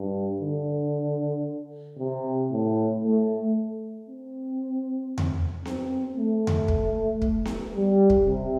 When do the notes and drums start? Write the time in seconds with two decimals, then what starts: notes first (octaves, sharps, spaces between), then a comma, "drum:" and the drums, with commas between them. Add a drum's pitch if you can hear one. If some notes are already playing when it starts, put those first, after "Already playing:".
Already playing: G2
0.42 D3
1.98 C3
2.51 A2
3.03 A3
4.08 C4
5.18 drum: tom E2
5.65 C4, drum: snare B3
6.17 A3
6.47 drum: tom E2
6.68 drum: kick
7.22 drum: kick
7.45 drum: snare B3
7.75 G3
8.10 drum: kick
8.26 C3